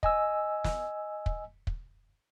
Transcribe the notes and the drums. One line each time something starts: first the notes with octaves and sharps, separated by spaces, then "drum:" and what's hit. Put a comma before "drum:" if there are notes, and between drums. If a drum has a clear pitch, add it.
D#5 G#5 E6, drum: kick
drum: snare
drum: kick
drum: kick